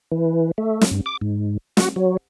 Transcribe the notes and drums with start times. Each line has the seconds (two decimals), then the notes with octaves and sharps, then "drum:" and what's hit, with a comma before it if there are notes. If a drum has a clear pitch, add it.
0.12 E3
0.58 A3
0.81 drum: snare
0.91 G2
1.06 D6
1.21 G#2
1.77 F#4, drum: snare
1.96 F#3